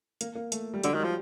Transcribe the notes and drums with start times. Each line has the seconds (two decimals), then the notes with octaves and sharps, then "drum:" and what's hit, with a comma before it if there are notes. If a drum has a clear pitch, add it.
0.21 A#3, drum: hi-hat
0.35 A#3
0.52 A3, drum: hi-hat
0.74 G3
0.84 D3 F#3, drum: hi-hat
0.94 D#3 F#3
1.00 G3
1.04 F3